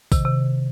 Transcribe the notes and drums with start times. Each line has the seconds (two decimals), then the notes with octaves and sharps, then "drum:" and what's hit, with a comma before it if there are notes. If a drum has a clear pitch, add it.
0.12 C3 D#3, drum: kick A1, tambourine
0.25 C3